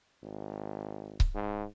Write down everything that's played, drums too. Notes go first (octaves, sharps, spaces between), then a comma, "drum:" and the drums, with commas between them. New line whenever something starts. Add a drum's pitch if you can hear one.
G#1
drum: kick C#1
G#2